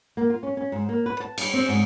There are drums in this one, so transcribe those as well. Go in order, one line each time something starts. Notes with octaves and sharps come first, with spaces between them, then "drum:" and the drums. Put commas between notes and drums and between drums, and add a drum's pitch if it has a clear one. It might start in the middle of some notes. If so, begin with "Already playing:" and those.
A#3
F4
C#4
C#4
G#2
A#3
B4
A5
G3, drum: cymbal
C4
G#2